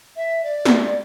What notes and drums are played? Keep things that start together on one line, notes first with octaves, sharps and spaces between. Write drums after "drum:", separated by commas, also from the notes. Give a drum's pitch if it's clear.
E5
D5
drum: snare